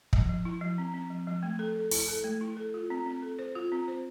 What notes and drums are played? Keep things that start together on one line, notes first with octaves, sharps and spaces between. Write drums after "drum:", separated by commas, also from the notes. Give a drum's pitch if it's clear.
F3, drum: kick
F3
E4
F3
C4
C4
F3
F3
A3
A4
A4
E4, drum: open hi-hat
A4
A3
E4
A4
F4
C4
C4
A4
C5
F4
C4
C5